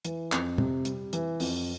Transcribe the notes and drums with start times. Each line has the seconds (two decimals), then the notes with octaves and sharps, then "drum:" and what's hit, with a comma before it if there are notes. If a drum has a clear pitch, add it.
0.05 E3, drum: hi-hat
0.32 F2, drum: clap
0.58 C3, drum: tom
0.85 G3, drum: hi-hat
1.13 E3, drum: hi-hat
1.40 F2, drum: open hi-hat